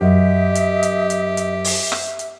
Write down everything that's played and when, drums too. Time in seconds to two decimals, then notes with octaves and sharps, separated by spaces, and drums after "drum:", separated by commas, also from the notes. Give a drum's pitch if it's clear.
0.01 F#2 G4 D#5 E5
0.55 drum: hi-hat
0.83 drum: hi-hat
1.10 drum: hi-hat
1.37 drum: hi-hat
1.64 drum: open hi-hat
1.92 drum: rim click
2.19 drum: hi-hat